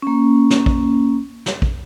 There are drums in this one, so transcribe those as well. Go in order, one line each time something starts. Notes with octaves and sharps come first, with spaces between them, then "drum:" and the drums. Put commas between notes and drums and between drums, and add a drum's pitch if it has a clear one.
A#3 C#4
drum: snare
drum: kick
drum: snare
drum: kick